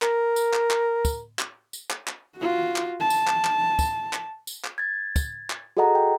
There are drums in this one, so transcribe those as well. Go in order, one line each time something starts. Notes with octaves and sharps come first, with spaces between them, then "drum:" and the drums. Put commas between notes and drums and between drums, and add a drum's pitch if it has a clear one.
A#4, drum: clap
drum: tambourine
drum: clap
drum: clap
drum: kick, tambourine
drum: clap
drum: tambourine
drum: clap
drum: clap
F4 F#4
drum: clap
A5
drum: tambourine
drum: clap
drum: clap
drum: kick, tambourine
drum: clap
drum: tambourine
drum: clap
G#6 A6
drum: kick, tambourine
drum: clap
F#4 G#4 A4 D#5 F#5 A#5
G5